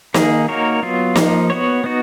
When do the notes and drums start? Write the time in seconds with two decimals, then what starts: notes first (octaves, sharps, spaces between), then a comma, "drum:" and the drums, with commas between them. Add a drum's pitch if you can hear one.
0.14 D#3 A#3 D#4 G#4, drum: snare
0.48 A#3 D#4 F#4 A#4 C#5
0.83 F#3 B3 F4
1.16 F3 A#3 D#4, drum: snare
1.50 B3 F#4 C#5
1.84 B3 D#4 F#4